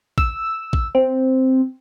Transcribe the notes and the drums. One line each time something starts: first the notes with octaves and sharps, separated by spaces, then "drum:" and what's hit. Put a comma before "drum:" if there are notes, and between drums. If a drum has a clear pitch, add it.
E6, drum: kick
drum: kick
C4